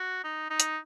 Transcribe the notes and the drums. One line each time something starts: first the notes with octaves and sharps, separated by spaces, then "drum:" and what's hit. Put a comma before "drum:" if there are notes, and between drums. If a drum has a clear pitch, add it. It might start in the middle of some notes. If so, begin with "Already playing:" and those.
Already playing: F#4
D#4
D#4
drum: hi-hat